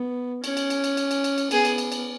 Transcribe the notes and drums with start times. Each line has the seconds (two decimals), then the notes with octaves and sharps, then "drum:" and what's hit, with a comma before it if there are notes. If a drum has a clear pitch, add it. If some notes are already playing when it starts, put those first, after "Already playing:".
Already playing: B3
0.44 C#4, drum: cymbal
0.57 drum: cymbal
0.70 drum: cymbal
0.84 drum: cymbal
0.97 drum: cymbal
1.11 drum: cymbal
1.24 drum: cymbal
1.38 drum: cymbal
1.51 B3 G#4, drum: cymbal
1.65 drum: cymbal
1.78 drum: cymbal
1.92 drum: cymbal